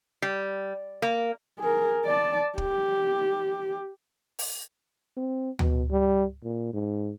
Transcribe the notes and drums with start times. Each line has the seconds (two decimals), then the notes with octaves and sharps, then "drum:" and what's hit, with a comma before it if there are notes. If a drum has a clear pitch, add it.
0.22 G3
1.02 A#3
1.59 G#4 A#4
2.05 D5 A5
2.58 G4, drum: kick
4.39 drum: open hi-hat
5.17 C4
5.59 B2, drum: tom D2
5.91 G3
6.43 A#2
6.74 G#2